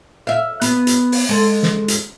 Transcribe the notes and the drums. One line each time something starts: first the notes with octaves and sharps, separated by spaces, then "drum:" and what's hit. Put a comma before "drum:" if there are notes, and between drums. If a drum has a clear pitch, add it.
E5 F5
B3, drum: hi-hat
drum: hi-hat
drum: open hi-hat
G#3 A4
drum: snare
drum: hi-hat